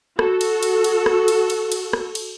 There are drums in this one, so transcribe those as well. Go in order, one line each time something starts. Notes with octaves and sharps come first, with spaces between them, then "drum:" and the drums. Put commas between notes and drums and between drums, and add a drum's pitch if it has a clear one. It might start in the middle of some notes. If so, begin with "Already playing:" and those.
F#4 A4, drum: rim click
drum: cymbal
drum: cymbal
drum: cymbal
drum: rim click
drum: cymbal
drum: cymbal
drum: cymbal
drum: rim click
drum: cymbal